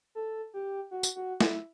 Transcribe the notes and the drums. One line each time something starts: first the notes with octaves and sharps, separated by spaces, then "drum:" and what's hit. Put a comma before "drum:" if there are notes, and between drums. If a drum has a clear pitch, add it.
A4
G4
F#4
drum: tambourine
F#4
E4, drum: snare